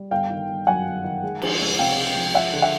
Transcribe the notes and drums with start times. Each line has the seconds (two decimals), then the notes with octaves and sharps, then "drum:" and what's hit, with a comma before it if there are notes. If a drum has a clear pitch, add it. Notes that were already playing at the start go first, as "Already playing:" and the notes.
Already playing: G3
0.11 G1 F5 G5
0.30 D#3
0.48 G1
0.67 F#2 F#5 G#5
0.86 G1
1.04 D#3
1.23 G#3
1.42 F3, drum: cymbal
1.60 C#2
1.79 C3 F5 G5
1.98 G#3
2.16 F3
2.34 F3 E5 F#5
2.53 D3
2.62 E5 F#5